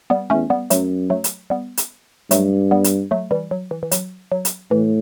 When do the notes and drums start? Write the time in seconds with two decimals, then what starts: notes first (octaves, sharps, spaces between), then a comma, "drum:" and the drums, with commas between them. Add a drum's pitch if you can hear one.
0.10 G3 B3
0.30 E2 A3 C#4
0.50 G3 B3
0.70 F#2 F#3 A3, drum: hi-hat
1.10 F#3 A3
1.24 drum: hi-hat
1.50 G3 B3
1.77 drum: hi-hat
2.31 G2 F#3 A3, drum: hi-hat
2.71 G3 B3
2.84 drum: hi-hat
3.11 F#3 A3
3.31 E3 G3
3.51 F#3
3.71 E3
3.83 E3
3.91 F#3, drum: hi-hat
4.32 F#3
4.45 drum: hi-hat
4.71 A2 E3